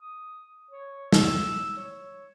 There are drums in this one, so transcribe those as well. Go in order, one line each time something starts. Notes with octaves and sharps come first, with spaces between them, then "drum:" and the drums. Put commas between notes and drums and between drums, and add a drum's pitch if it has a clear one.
D#6
C#5
E6, drum: snare
C#5